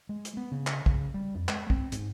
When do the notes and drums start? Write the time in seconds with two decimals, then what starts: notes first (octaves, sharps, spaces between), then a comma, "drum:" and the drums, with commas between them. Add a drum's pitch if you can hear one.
0.09 G#3
0.25 drum: hi-hat
0.37 B3
0.52 C#3
0.67 drum: clap
0.86 C#3, drum: kick
1.14 G3
1.35 F2
1.49 G#3, drum: clap
1.70 C4, drum: kick
1.92 G#2, drum: hi-hat